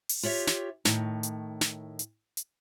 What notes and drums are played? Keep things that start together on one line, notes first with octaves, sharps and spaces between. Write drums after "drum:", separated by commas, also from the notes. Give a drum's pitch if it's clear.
drum: open hi-hat
F4 G4 C#5 E5
drum: snare
A2 D#3, drum: snare
drum: hi-hat
drum: snare
drum: hi-hat
drum: hi-hat